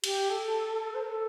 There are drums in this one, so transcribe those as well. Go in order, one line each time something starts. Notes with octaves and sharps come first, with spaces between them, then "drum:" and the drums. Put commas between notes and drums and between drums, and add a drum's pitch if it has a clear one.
G4, drum: cymbal
A4
C5
A#4
A4